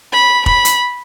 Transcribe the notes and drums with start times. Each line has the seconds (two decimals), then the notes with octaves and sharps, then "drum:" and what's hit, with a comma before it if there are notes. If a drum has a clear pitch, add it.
0.12 B5
0.46 B5, drum: kick
0.65 drum: hi-hat